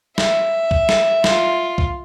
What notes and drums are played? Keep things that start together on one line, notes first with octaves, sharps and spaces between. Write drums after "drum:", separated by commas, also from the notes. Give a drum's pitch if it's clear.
E5, drum: snare
drum: kick C2
drum: snare
F4, drum: snare
drum: kick C2